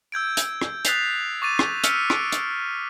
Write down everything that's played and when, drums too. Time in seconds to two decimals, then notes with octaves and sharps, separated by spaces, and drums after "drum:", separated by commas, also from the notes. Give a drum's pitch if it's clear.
0.12 E6 G6 G#6 D7
0.37 drum: hi-hat
0.61 drum: rim click
0.85 D#6 F#6 A6 B6 C7 F7, drum: hi-hat
1.42 C#6 D6 A6 D#7
1.59 drum: rim click
1.84 E6 F6 B6 C#7 D7, drum: hi-hat
2.10 D7 D#7, drum: rim click
2.32 drum: hi-hat